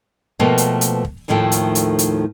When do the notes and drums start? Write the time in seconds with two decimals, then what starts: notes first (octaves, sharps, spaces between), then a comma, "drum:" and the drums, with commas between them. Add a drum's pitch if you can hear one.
0.39 B2 F3 A3 A#3 B4 G5
0.58 drum: hi-hat
0.81 drum: hi-hat
1.05 drum: kick
1.28 D#2 A2 D#3 F3 A3 G5
1.52 drum: hi-hat
1.75 drum: hi-hat
1.99 drum: hi-hat